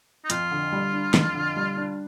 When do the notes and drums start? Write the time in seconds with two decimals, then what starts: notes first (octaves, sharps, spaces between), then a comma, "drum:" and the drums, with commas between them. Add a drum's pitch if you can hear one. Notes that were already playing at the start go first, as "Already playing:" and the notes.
0.24 D#4
0.30 F2 F4, drum: hi-hat
0.51 D3
0.72 G3
0.93 D4
1.14 F2, drum: snare
1.34 D3
1.56 G3
1.77 D4